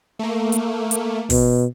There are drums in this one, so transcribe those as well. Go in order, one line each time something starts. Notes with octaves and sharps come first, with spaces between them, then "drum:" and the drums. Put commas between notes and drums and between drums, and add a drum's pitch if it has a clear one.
A3 A#3
drum: hi-hat
drum: hi-hat
B2, drum: kick, open hi-hat